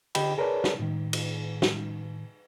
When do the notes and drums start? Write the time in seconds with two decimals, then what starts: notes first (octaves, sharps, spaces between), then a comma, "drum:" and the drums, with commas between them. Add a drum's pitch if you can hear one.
0.15 D3 G4 D#5 G5 B5, drum: cymbal
0.38 G#4 A#4 B4 C#5 D5 A5
0.64 drum: snare
0.79 A2 D#3
1.13 drum: cymbal
1.62 drum: snare